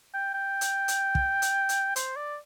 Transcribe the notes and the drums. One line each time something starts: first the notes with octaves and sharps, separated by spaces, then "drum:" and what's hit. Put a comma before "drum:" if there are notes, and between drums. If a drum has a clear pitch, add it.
G5
G5
drum: hi-hat
drum: hi-hat
drum: kick
drum: hi-hat
drum: hi-hat
C5, drum: hi-hat
D5